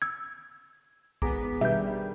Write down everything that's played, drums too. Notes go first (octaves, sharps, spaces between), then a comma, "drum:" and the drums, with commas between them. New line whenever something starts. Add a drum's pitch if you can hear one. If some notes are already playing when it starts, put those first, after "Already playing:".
E6 G#6
G#1 B3 G#4 A#5 D6 B6, drum: kick
D#3 G3 D4 G4 B4 E5 G6, drum: tom B2